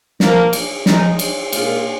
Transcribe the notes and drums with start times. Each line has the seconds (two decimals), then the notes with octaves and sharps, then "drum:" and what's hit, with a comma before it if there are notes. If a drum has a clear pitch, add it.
0.20 A#2 F3 A#3, drum: snare
0.53 drum: cymbal
0.86 F3 G#3 D#4, drum: snare
1.19 drum: cymbal
1.53 A#2 G#3 F4, drum: cymbal